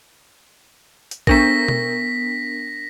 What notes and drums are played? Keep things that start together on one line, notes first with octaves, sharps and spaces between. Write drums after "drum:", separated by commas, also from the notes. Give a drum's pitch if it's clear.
drum: hi-hat
B3 D4 A#4 A#6 B6, drum: kick A#1
drum: tom B2